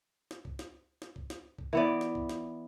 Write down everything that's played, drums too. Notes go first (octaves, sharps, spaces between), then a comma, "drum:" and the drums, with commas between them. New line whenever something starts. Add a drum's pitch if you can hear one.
drum: snare
drum: kick
drum: snare
drum: snare
drum: kick
drum: snare
drum: kick
E3 B3 D5
drum: snare
drum: kick
drum: snare